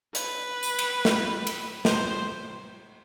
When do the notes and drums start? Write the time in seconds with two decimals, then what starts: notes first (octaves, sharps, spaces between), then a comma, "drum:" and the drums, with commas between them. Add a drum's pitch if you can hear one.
0.15 B4, drum: hi-hat
0.63 drum: tambourine
0.79 drum: cymbal
1.05 drum: snare
1.47 drum: cymbal
1.85 C5, drum: snare